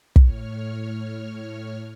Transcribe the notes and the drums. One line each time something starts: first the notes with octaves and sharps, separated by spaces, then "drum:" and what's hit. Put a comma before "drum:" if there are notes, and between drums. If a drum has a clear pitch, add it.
A2 C#5 F6, drum: kick